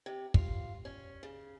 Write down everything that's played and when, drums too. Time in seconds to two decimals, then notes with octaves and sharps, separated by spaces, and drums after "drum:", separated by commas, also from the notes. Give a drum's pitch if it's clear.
0.06 C3
0.34 F4, drum: kick
0.85 C#4
1.23 C#3